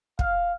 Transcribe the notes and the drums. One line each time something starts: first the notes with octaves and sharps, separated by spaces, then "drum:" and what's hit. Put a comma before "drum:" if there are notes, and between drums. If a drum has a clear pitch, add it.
F5, drum: kick